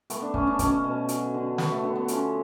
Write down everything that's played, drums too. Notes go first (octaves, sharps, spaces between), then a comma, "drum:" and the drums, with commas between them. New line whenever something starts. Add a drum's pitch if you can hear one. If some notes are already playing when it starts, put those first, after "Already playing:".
A3 B3, drum: hi-hat
D4
A3 C#4, drum: kick
D4
B2 C#4, drum: kick, hi-hat
B2
F#3, drum: hi-hat
D3
F#3 B3, drum: snare
A3
D3 B3
B3
F3 C#4, drum: hi-hat